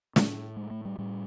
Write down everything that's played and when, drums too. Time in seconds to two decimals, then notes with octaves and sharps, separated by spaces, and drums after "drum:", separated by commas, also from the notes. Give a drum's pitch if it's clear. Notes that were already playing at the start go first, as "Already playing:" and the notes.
0.16 A2, drum: snare
0.56 G#3
0.71 A3
0.85 G3
0.98 A2 G3